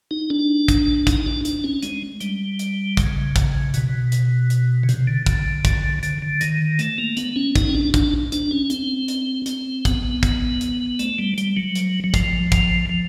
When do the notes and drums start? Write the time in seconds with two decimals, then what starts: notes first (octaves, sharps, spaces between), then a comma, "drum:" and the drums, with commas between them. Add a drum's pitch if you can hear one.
0.11 D#4
0.30 D4
0.68 drum: kick, hi-hat
1.07 D#4, drum: kick, hi-hat
1.26 D4
1.45 D4, drum: hi-hat
1.64 C#4
1.83 G#3, drum: hi-hat
2.21 G3, drum: hi-hat
2.59 drum: hi-hat
2.97 C#3, drum: kick, hi-hat
3.36 drum: kick, hi-hat
3.74 B2, drum: hi-hat
4.12 drum: hi-hat
4.50 drum: hi-hat
4.83 C#3
4.89 C3, drum: hi-hat
5.07 D3
5.26 D3, drum: kick, hi-hat
5.65 drum: kick, hi-hat
6.03 D3, drum: hi-hat
6.22 D3
6.41 D#3, drum: hi-hat
6.79 A3, drum: hi-hat
6.98 A#3
7.17 B3, drum: hi-hat
7.36 C#4
7.56 D#4, drum: kick, hi-hat
7.69 C#4
7.74 D4
7.94 D4, drum: kick, hi-hat
8.32 D4, drum: hi-hat
8.51 C#4
8.70 C4, drum: hi-hat
9.08 drum: hi-hat
9.46 C4, drum: hi-hat
9.85 B3, drum: kick, hi-hat
10.23 drum: kick, hi-hat
10.61 drum: hi-hat
10.99 A3, drum: hi-hat
11.18 G3
11.38 G3, drum: hi-hat
11.57 F#3
11.75 drum: hi-hat
12.04 F#3
12.14 F3, drum: kick, hi-hat
12.52 drum: kick, hi-hat
12.89 F3